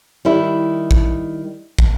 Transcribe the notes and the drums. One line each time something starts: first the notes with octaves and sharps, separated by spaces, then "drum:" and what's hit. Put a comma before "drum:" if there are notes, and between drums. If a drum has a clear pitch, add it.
D#3 G3 E4
drum: kick
drum: kick